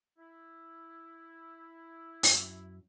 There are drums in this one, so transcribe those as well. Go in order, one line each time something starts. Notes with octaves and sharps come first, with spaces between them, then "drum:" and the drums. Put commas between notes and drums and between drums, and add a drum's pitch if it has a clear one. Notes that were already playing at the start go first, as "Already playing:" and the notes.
E4
F#2, drum: open hi-hat